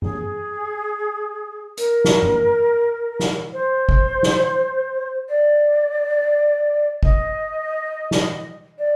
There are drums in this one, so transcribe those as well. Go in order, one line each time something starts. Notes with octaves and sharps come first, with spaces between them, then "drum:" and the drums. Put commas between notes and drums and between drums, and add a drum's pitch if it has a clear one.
G#4, drum: tom G2
A#4, drum: hi-hat
drum: snare
drum: tom G2
drum: snare
C5
drum: kick
drum: snare
D5
D#5, drum: kick
drum: snare
D5